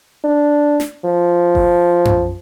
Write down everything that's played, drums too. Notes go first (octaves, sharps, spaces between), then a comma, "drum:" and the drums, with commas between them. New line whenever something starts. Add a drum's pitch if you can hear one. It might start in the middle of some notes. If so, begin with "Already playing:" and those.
D4
drum: snare
F3
drum: kick G1
drum: tom F#2